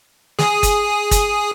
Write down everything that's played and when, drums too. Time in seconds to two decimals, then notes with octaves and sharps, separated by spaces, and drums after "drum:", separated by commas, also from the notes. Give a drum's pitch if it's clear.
0.39 G#4 D#6, drum: snare
0.63 drum: kick G1, hi-hat
1.11 drum: kick G1, hi-hat